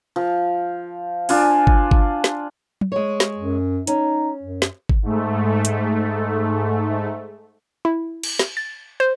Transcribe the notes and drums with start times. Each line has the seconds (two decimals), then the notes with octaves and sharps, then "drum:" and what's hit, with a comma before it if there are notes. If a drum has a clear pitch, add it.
0.16 F3
1.29 D4 F4 G#5, drum: open hi-hat
1.67 drum: kick G1
1.91 drum: kick G1
2.24 drum: snare
2.81 drum: tom
2.92 G#3 C#5
3.20 drum: snare
3.37 F#2
3.87 C#4 D#4, drum: hi-hat
4.42 F#2
4.62 drum: snare
4.89 drum: kick G1
5.03 G#2 A3
5.65 drum: hi-hat
7.85 E4
8.23 drum: cymbal
8.39 drum: snare
8.57 A6
9.00 C5